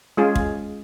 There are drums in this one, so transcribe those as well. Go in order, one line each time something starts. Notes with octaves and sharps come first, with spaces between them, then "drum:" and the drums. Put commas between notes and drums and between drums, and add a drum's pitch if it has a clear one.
G#3 C#4 F4 G#4
drum: kick